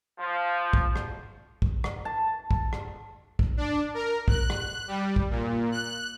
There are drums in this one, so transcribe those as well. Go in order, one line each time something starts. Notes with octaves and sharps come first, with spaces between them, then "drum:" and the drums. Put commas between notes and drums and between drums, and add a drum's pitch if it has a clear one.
F3
drum: kick
drum: rim click
drum: kick
drum: rim click
A5
drum: kick
drum: rim click
drum: kick
D4
A#4
F#6, drum: kick
drum: rim click
G3
drum: kick
A#2
F#6